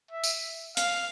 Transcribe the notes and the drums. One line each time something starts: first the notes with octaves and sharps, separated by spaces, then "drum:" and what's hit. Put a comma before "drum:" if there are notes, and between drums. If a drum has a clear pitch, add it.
E5
drum: tambourine
F5, drum: hi-hat